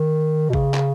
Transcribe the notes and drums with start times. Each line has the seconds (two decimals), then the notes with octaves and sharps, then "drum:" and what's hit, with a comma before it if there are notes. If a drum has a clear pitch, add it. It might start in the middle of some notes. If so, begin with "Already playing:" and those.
Already playing: D#3
0.49 B2
0.53 C#3, drum: kick
0.74 drum: clap